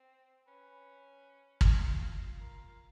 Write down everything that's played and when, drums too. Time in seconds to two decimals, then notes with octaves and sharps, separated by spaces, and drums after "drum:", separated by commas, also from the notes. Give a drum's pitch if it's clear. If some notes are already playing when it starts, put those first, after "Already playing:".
Already playing: C4
0.48 C#4 B4
1.61 drum: kick
1.76 F4
2.40 A#4